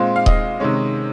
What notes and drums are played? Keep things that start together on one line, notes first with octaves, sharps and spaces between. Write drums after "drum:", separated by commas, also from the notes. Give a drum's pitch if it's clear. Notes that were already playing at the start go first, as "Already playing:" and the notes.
Already playing: A#2 G#3 C4 F4
F5
D#5, drum: kick D#1
C3 D#3 G#3 C#4